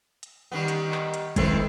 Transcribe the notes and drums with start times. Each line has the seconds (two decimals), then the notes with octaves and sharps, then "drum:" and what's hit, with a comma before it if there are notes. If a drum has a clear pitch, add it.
0.23 drum: hi-hat
0.52 D#3 G3 B3
0.68 drum: hi-hat
0.91 drum: clap
1.14 drum: hi-hat
1.36 D#3 G#3 C4 E4 A4 B4, drum: kick, hi-hat